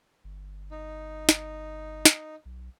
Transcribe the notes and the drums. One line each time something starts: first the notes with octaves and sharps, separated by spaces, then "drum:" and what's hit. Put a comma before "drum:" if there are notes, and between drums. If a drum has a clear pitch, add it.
G1
D#4
drum: snare
drum: snare
B1